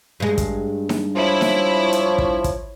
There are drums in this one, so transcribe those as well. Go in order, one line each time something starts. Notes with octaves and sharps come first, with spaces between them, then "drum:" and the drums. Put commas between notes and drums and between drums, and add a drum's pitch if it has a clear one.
G2 G#3
drum: kick, hi-hat
drum: snare D#4
F3 E4 C#5
drum: snare D#4
drum: hi-hat
drum: kick
drum: kick, hi-hat